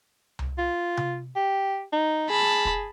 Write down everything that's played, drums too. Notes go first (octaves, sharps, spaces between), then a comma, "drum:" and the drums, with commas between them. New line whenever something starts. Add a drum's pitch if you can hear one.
drum: tom C2
F4
drum: tom C3
G4
D#4
G#4 A5 B5
drum: kick